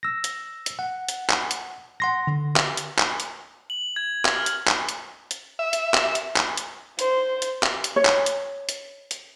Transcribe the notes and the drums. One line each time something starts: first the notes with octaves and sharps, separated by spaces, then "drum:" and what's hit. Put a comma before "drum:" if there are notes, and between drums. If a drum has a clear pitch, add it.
E6 A#6
drum: hi-hat
drum: hi-hat
F#5
drum: hi-hat
drum: clap
drum: hi-hat
F#5 C6 A#6
D3
drum: clap
drum: hi-hat
drum: clap
drum: hi-hat
F#7
G#6
drum: clap
F6
drum: hi-hat
drum: clap
drum: hi-hat
drum: hi-hat
E5
drum: hi-hat
drum: clap
drum: hi-hat
drum: clap
drum: hi-hat
C5, drum: hi-hat
drum: hi-hat
drum: clap
drum: hi-hat
C#5
drum: clap
drum: hi-hat
drum: hi-hat
drum: hi-hat